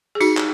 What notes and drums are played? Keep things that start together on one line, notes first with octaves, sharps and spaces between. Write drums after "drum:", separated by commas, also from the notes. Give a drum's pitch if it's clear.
G#4
D#4 F#4, drum: tambourine
drum: clap